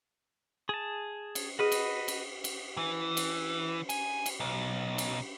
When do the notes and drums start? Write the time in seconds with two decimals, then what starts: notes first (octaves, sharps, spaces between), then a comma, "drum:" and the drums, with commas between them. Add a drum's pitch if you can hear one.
0.69 G#4 A5
1.35 drum: cymbal
1.59 F#4 G#4 B4 D#5
1.72 drum: cymbal
2.08 drum: cymbal
2.44 drum: cymbal
2.77 E3
3.17 drum: cymbal
3.89 G#5, drum: cymbal
4.26 drum: cymbal
4.40 B1
4.98 drum: cymbal